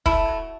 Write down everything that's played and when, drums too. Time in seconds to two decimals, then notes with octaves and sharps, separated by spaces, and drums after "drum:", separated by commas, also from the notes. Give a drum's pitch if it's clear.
0.06 A3 E4, drum: kick
0.28 F#3